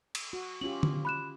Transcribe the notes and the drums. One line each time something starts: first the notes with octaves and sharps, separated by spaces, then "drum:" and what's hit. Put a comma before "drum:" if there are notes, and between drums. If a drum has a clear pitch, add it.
drum: cymbal
F#4
C#4 F4 G4 F#7
drum: tom D3
B5 F#6 E7